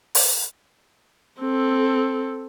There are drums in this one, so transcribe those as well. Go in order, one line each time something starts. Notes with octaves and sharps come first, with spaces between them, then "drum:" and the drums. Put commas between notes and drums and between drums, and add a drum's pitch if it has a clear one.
drum: open hi-hat
C4 A4